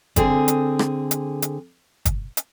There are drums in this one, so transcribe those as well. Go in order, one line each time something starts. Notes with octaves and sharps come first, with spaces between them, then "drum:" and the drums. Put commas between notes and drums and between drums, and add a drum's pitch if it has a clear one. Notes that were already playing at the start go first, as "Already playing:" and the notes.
D3 C4 G#4, drum: kick, hi-hat
drum: hi-hat
drum: rim click
drum: hi-hat
drum: hi-hat
drum: kick, hi-hat
drum: hi-hat